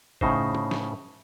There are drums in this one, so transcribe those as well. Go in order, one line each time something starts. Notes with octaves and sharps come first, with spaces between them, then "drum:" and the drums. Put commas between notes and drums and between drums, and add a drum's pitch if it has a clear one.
A2 C#3 D#4 C5, drum: kick
drum: tom C#3
drum: snare